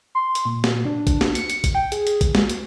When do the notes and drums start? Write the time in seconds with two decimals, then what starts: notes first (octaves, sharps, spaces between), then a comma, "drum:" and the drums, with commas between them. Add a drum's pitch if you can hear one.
0.15 C6
0.35 drum: hi-hat
0.45 A#2
0.64 drum: snare A#3
0.85 D4
1.07 drum: kick, hi-hat
1.21 drum: snare A#3
1.35 C#7, drum: hi-hat
1.50 drum: hi-hat
1.64 drum: kick, hi-hat
1.75 G5
1.92 G#4, drum: hi-hat
2.07 drum: hi-hat
2.21 drum: kick, hi-hat
2.35 G#3, drum: snare A#3
2.50 drum: hi-hat